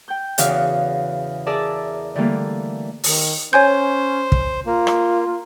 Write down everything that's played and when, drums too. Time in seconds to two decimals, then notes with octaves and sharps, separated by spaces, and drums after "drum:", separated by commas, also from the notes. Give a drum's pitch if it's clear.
0.08 G5 G6
0.38 E2 C#3 E3 F#4 F5, drum: hi-hat
1.46 G#4 A#4 D5 E5 A5
2.15 D3 E3 G3 A3 A#3
3.04 D#3, drum: open hi-hat
3.53 C#4 C5 C#5 G#5 G6
4.32 drum: kick
4.66 A#3 F4
4.87 drum: rim click